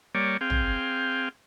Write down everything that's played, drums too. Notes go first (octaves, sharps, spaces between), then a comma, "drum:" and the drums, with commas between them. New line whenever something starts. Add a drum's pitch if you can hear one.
G3 A#3 C#5 D5
C4 G#4 F5 G5
drum: tom